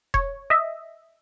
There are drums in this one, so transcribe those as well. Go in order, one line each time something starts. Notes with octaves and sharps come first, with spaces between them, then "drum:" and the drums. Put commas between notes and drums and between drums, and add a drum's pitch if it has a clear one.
C#5, drum: kick E1
D#5 E5